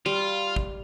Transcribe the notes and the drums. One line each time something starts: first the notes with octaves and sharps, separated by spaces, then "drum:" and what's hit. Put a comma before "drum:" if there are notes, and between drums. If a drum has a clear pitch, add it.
G3 F4
drum: kick